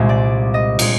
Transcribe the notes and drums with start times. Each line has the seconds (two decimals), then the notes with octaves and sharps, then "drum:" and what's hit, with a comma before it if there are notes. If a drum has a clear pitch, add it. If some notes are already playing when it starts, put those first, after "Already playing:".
Already playing: C2 A#2 G#3
0.09 D5
0.54 D#5
0.79 A#2 G#3, drum: cymbal